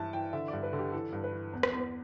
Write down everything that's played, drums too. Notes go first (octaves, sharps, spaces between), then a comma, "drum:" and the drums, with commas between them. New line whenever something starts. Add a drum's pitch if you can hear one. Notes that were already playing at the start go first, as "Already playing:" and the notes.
Already playing: G2 E3 E5 A5
E3 G5
D3 E5
G2 D5
B4
D3
G4
E3 A4
G2
B4
E3
E2
drum: rim click
E2